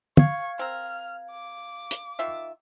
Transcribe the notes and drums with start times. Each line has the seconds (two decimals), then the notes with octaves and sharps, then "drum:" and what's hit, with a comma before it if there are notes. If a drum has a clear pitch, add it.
0.17 F5 C#6 G#6, drum: tom
0.59 C4 A#4 F6
1.31 D6
1.91 drum: hi-hat
2.19 D#3 F4 E5